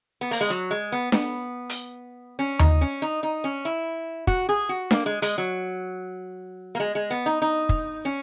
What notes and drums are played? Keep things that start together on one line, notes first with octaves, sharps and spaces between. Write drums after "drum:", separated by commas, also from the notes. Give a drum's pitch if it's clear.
B3
A#3, drum: open hi-hat
G#3
F#3
G#3
B3
B3, drum: snare D4
drum: hi-hat
C#4
D#4, drum: tom D#2
C#4
D#4
D#4
C#4
E4
F#4, drum: kick
G#4
F#4
A#3, drum: snare D4
G#3
G#3, drum: hi-hat
F#3
A#3
G#3
G#3
B3
D#4
D#4
drum: kick
C#4